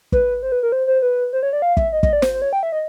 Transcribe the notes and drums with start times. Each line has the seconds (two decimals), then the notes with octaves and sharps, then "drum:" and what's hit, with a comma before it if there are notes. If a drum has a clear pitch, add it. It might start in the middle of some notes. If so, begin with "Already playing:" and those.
0.12 B4, drum: kick
0.43 C5
0.52 B4
0.63 A#4
0.72 C5
0.87 C5
1.02 B4
1.33 C5
1.43 C#5
1.53 D5
1.62 F5
1.77 E5, drum: kick
1.93 D#5
2.03 D#5, drum: kick
2.13 D5
2.22 C5, drum: snare
2.33 C5
2.42 C#5
2.53 G5
2.63 E5
2.72 D#5